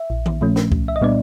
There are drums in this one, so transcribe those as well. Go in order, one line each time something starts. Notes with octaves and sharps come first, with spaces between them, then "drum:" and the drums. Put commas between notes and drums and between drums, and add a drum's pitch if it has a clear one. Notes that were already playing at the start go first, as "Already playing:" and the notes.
Already playing: E5
A#1
drum: tom D#3
A#2 F3 A3 C#4
drum: snare
C2, drum: kick
E5
D#5
A#2 G3 B3 D4 D5